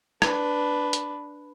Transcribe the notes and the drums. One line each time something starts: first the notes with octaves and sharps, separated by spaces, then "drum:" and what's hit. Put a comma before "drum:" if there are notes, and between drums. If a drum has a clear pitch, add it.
D4 B4, drum: rim click
drum: hi-hat